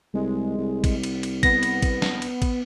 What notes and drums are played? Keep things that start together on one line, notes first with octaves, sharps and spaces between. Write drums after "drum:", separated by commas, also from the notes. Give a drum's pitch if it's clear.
C2 G#3
C2
drum: kick A1, cymbal
drum: cymbal
drum: cymbal
B3 A#6, drum: kick A1, cymbal
drum: cymbal
drum: kick A1, cymbal
drum: snare
drum: cymbal
drum: kick A1, cymbal